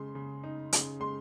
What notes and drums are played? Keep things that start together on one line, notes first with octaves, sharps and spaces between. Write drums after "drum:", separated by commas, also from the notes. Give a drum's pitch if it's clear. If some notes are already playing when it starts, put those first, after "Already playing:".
Already playing: C#3 G#3 C6
C#3
D#4
C#3, drum: hi-hat
G#3 C6